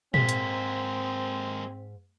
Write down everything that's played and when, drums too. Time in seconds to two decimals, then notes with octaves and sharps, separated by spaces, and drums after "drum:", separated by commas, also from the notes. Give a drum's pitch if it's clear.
0.14 G#2 G#3 A#3 C4 B6, drum: tom A#2
0.29 drum: hi-hat